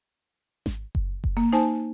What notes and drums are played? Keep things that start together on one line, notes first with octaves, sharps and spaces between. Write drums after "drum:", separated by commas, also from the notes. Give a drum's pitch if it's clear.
drum: snare G#1
drum: kick F#1
drum: kick F#1
A#3
D#4 C5 G#5 A5